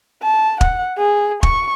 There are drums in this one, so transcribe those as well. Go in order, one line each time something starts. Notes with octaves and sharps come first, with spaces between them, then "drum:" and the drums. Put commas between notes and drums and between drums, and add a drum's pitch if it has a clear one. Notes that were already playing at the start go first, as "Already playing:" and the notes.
A5
F#5, drum: kick
G#4
C#6, drum: kick